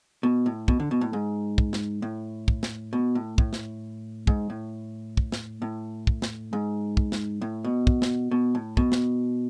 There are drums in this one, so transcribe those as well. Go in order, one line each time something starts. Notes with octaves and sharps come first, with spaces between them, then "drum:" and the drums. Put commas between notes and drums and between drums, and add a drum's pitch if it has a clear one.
B2
A2
B2, drum: kick
D3
B2
A2
G#2
drum: kick
drum: snare
A2
drum: kick
drum: snare
B2
A2
A2, drum: kick
drum: snare
G#2, drum: kick
A2
drum: kick
drum: snare
A2
drum: kick
drum: snare
G#2
drum: kick
drum: snare
A2
B2
drum: kick
drum: snare
B2
A2
B2, drum: kick
drum: snare